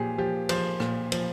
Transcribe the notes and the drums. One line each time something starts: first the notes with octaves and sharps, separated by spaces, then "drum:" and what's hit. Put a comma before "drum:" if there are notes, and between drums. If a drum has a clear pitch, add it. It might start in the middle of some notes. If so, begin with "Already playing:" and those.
Already playing: A#2 F3 G4 G#4
F3 G4
F3 C5, drum: cymbal
A#2, drum: rim click
F3, drum: cymbal